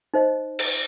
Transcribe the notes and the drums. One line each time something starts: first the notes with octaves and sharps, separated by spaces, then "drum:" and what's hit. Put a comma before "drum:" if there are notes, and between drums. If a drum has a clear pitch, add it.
D#4 C5 D#5
drum: cymbal